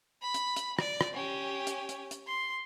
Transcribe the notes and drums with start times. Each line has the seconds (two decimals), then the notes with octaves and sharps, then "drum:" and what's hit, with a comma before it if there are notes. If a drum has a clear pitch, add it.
0.22 B5
0.34 drum: hi-hat
0.56 drum: hi-hat
0.79 D5, drum: rim click
1.01 drum: rim click
1.14 C#4 G4
1.67 drum: hi-hat
1.89 drum: hi-hat
2.11 drum: hi-hat
2.27 C6